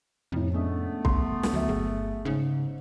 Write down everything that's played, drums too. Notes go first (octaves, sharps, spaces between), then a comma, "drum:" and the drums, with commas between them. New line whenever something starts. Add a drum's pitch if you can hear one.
F2 A2 C3
G#3 A3 B3 C#4 D4
C2 C6, drum: kick C2
drum: snare
D2 F#3 E5
G1 G#4
G#2 C#3